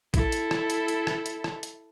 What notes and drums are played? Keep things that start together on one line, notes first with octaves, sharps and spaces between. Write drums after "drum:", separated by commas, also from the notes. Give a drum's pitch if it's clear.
E4 A4, drum: kick A#1, hi-hat
drum: hi-hat
drum: rim click
drum: hi-hat
drum: hi-hat
drum: rim click
drum: hi-hat
drum: rim click
drum: hi-hat